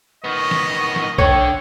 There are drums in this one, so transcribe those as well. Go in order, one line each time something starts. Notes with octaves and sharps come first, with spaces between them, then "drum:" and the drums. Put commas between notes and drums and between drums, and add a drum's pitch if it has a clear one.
D#3 B3 D#5 C#6
drum: snare
drum: snare
D3 C#5 G5, drum: kick B1